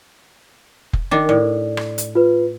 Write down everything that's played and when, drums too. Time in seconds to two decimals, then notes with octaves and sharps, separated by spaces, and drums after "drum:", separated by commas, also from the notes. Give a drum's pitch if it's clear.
0.93 drum: kick F1
1.11 D#3 D4
1.29 A2 D5
1.77 drum: rim click
1.98 drum: hi-hat
2.15 F4 B4